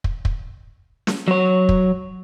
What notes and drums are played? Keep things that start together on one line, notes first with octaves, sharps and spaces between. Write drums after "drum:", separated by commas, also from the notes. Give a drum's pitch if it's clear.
drum: kick
drum: kick
drum: snare
F#3 C#5
drum: kick